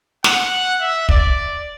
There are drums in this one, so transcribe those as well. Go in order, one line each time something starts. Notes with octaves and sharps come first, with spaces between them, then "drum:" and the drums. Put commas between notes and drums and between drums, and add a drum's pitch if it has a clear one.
F#5, drum: snare
E5
D5, drum: kick